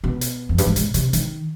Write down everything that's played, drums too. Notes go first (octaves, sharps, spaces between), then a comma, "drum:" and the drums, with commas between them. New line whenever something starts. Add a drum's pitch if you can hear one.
B2
drum: hi-hat
F2
G2, drum: hi-hat
G#2
B2, drum: hi-hat
C3, drum: hi-hat
D#3, drum: hi-hat